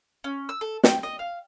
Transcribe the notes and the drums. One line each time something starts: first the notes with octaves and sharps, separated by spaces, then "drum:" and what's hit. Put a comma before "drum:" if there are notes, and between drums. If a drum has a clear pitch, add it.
C#4
E6
A4
G5, drum: snare
D#5
F5